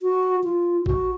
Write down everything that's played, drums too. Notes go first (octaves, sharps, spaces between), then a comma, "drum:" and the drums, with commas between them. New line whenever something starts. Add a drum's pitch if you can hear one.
F#4
F4
F#4, drum: kick A1